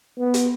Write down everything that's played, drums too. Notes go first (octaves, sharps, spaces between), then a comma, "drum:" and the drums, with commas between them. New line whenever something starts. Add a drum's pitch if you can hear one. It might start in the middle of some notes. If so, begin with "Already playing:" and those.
B3
drum: hi-hat